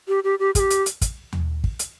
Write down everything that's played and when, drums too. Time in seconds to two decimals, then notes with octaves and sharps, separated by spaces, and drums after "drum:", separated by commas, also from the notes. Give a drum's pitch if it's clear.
0.08 G4
0.24 G4
0.39 G4
0.55 G#4, drum: kick, hi-hat
0.60 G4
0.70 drum: hi-hat
0.86 drum: hi-hat
1.01 drum: kick, hi-hat
1.33 drum: tom D#2
1.64 drum: kick
1.79 drum: hi-hat